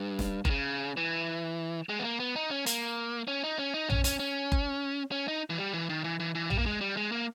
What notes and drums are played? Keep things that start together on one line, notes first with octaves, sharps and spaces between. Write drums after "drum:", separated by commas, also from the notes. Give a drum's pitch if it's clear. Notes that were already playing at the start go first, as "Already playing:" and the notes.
Already playing: G2
drum: snare
D#3, drum: kick F#1
C#3
E3
G#3
B3
A#3
B3
D#4
C#4
A#3, drum: hi-hat
C#4
D#4
C#4
D#4
C#4, drum: tom A#1
C#4, drum: hi-hat
C#4
drum: kick F#1
C#4
D#4
E3
G3
E3
D#3
E3
E3
E3
G3, drum: tom A#1
A#3
G#3
G3
G#3
A#3